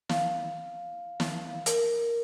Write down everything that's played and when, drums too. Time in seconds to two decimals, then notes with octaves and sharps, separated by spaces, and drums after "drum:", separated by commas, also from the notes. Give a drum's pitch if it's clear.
0.09 F5, drum: snare
1.20 drum: snare
1.66 A#4, drum: hi-hat